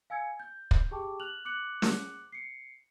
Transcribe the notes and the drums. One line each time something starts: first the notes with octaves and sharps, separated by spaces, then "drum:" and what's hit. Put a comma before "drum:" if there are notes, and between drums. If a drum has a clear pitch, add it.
F5 G#5 E6 G#6 C#7
G6
drum: kick
G4 G#4 G5 A5 C#6 D6
F6 F#6 F7 F#7
D6 F#6 C#7 F#7
drum: snare
C7 C#7